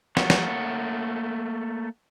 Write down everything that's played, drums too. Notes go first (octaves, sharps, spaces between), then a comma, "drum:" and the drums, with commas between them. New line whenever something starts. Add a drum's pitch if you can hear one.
A3 A#3 C#5 F#5, drum: snare
drum: snare